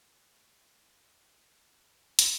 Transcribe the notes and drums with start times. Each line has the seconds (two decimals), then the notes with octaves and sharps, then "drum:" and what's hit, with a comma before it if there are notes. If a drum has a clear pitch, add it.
0.23 B3
0.33 E1 A3
0.79 E2 D3 G3
1.26 E1 A3
1.72 E2 D3 B3
2.19 B3, drum: hi-hat